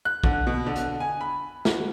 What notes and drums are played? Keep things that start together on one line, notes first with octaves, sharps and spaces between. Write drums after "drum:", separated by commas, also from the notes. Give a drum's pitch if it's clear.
F#6
D3, drum: kick
B2
D3
drum: hi-hat
G#5
B5
F#4, drum: snare